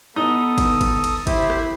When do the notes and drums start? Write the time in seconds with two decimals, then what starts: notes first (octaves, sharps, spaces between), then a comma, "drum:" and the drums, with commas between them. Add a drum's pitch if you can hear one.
0.16 B3 D#4 A4 D#6
0.58 drum: kick, cymbal
0.81 drum: kick, cymbal
1.04 drum: cymbal
1.27 E4 G4 C5, drum: kick, cymbal
1.50 drum: rim click